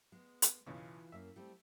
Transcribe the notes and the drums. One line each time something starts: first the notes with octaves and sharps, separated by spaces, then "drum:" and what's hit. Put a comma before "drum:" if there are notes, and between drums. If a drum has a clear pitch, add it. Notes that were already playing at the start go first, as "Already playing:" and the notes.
G#3 B3
drum: hi-hat
B1 C#3 E3 F4
F#2 A#3 E5
G3 A3 C4